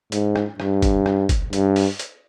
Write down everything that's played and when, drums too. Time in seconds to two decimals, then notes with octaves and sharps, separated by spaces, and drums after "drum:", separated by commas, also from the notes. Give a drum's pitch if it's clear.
0.12 G#2, drum: hi-hat
0.36 drum: rim click
0.60 G2, drum: rim click
0.82 drum: kick F#1, hi-hat
1.06 drum: rim click
1.29 drum: kick F#1, hi-hat
1.53 G2, drum: hi-hat
1.76 drum: open hi-hat
1.99 drum: hi-hat